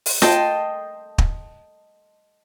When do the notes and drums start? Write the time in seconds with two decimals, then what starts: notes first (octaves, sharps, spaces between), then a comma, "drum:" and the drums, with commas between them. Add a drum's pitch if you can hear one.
0.06 drum: open hi-hat
0.22 D#5 G5 A5 C6, drum: snare F4
1.18 drum: kick